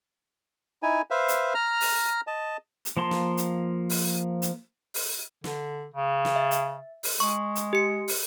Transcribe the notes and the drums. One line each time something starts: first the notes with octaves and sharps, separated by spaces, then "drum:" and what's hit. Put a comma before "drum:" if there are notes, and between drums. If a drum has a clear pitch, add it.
D#4 E4 G#5
B4 C5 E5 F5
drum: hi-hat
A#5 F6
drum: open hi-hat
D#5 A5
drum: hi-hat
F3 A#3 A5 C6
drum: snare
drum: hi-hat
drum: open hi-hat
drum: hi-hat
drum: open hi-hat
D3, drum: snare
C#3
drum: snare
E5
drum: hi-hat
drum: open hi-hat
G#3 C#6
drum: hi-hat
G4 C#7
drum: open hi-hat